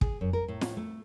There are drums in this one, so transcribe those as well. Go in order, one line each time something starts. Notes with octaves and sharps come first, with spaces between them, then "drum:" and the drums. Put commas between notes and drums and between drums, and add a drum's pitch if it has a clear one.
G#4, drum: kick
F#2
A#4
A2
drum: snare
A3